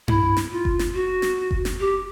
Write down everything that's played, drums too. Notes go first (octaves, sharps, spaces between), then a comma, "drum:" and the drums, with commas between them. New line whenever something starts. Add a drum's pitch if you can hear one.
E4, drum: tom G2
drum: snare
F4
drum: kick F#1
drum: snare
F#4
drum: snare
drum: kick F#1
drum: snare
G4